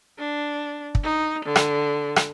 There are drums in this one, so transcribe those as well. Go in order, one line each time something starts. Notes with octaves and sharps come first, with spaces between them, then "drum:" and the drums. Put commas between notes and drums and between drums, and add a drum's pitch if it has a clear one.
D4
drum: kick
D#4
D3
drum: rim click
drum: rim click